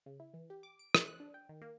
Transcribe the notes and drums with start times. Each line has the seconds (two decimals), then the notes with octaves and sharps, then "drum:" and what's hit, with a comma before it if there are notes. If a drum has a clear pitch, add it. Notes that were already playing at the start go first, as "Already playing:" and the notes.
0.06 C#3
0.20 E4
0.34 E3
0.50 G4
0.63 D6
0.79 D7
0.95 E3, drum: rim click
1.07 F#6
1.20 D4
1.34 G5
1.49 D#3
1.61 A#3